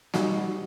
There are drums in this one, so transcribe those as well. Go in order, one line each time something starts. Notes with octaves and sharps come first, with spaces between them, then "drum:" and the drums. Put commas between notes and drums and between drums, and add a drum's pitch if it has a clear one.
G3 C4 D#4 F#4, drum: snare